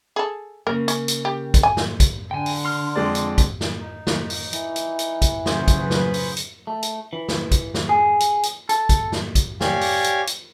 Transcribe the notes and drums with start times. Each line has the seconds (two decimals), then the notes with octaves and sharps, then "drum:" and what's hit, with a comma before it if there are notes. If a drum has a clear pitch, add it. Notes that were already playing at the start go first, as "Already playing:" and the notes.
0.16 G#4 A4
0.67 C#3 A#3 A#4
0.88 C#4, drum: hi-hat
1.08 drum: hi-hat
1.25 G4
1.54 drum: kick, hi-hat
1.63 G#5
1.77 drum: snare
2.00 drum: kick, hi-hat
2.31 D3 G5 G#5
2.46 drum: open hi-hat
2.65 C6 F6
2.96 F2 G#3 D5
3.15 drum: hi-hat
3.38 drum: kick, hi-hat
3.61 drum: snare
3.80 D#4
4.07 drum: snare
4.30 drum: open hi-hat
4.53 E3, drum: hi-hat
4.76 drum: hi-hat
4.99 drum: hi-hat
5.22 drum: kick, hi-hat
5.46 C#3 F#3 F4 G#4 C5, drum: snare
5.68 drum: kick, hi-hat
5.80 B4
5.91 drum: snare
6.14 drum: open hi-hat
6.37 drum: hi-hat
6.67 A3
6.83 drum: hi-hat
7.13 E3
7.29 drum: snare
7.51 drum: kick, hi-hat
7.74 drum: snare
7.89 G#4
8.20 drum: hi-hat
8.43 drum: hi-hat
8.69 A4, drum: hi-hat
8.89 drum: kick, hi-hat
9.12 drum: snare
9.35 drum: kick, hi-hat
9.61 G4 C#5 D5 F5 G#5, drum: snare
9.81 drum: open hi-hat
10.04 drum: hi-hat
10.27 drum: hi-hat